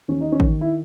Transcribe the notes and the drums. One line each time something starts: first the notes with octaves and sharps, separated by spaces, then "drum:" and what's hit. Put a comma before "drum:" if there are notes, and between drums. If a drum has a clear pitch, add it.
D#2 C#4
D#4
C#4
D#3, drum: kick A1
E4